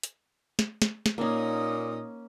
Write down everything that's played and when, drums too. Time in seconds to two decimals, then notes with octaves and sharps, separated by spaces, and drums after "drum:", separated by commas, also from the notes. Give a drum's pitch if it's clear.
0.03 drum: hi-hat
0.59 drum: snare
0.82 drum: snare
1.06 drum: snare
1.18 A#2 A#3 C#4 D#4 D#6